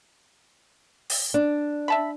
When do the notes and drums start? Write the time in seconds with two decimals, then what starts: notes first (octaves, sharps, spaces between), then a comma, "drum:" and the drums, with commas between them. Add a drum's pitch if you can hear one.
1.10 drum: open hi-hat
1.34 D4
1.88 E5 A5 B5